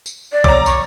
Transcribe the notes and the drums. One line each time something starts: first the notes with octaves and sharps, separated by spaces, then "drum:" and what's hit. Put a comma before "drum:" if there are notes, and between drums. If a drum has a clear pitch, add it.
drum: tambourine
D5
C#5 A#5 D6, drum: kick B1
C#6, drum: tambourine